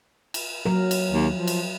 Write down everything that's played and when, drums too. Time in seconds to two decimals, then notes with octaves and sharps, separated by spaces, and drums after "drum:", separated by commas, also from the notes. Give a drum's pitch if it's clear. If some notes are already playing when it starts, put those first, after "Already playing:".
0.34 drum: cymbal
0.66 F#3 A#4
0.91 drum: cymbal
1.11 D#2
1.33 F3
1.47 drum: cymbal